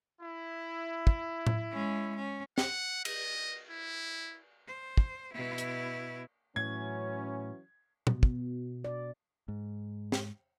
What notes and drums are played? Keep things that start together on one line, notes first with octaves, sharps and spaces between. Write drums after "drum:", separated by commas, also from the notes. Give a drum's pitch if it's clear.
E4
drum: kick
drum: tom A2
G#3 C#4
C#4
F#5, drum: snare
D#5, drum: cymbal
E4
C5
drum: kick
B2 E4
drum: hi-hat
A2 E3 F#3 C#4 G#6
B2, drum: tom
drum: kick
D5
G#2
drum: snare